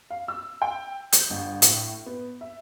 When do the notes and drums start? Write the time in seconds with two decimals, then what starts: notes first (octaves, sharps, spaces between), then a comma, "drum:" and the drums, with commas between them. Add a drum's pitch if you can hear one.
0.10 F5
0.28 E6
0.62 G5
1.12 G6, drum: hi-hat
1.30 G1
1.62 A2, drum: hi-hat
2.06 B3
2.41 E5